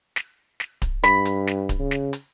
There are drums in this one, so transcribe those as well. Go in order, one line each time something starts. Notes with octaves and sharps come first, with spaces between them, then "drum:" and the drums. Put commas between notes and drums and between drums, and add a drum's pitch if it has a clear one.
drum: snare
drum: snare
drum: kick D1, hi-hat
G2 B5, drum: snare
drum: hi-hat
drum: snare
drum: kick D1, hi-hat
C#3
drum: snare
drum: hi-hat